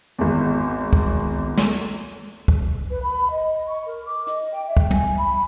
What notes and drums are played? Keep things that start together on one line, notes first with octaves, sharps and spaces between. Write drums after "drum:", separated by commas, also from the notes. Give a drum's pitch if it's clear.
G#1 E2
drum: kick
drum: snare
drum: kick
B4
B5
D#5
C#6
A#4
D6
D#5, drum: hi-hat
G5
E5
drum: kick
G#5, drum: tom
B5